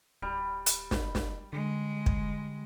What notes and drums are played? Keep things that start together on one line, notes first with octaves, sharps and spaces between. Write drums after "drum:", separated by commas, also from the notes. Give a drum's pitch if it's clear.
D1 G3
drum: hi-hat
drum: snare
drum: snare
D3 G#3
drum: kick